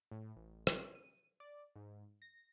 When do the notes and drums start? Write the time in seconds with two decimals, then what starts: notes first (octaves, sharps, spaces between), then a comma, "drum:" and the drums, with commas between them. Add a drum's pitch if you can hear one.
0.11 A2
0.36 A1
0.67 drum: rim click
0.95 D#7
1.40 D5
1.75 G#2
2.22 A#6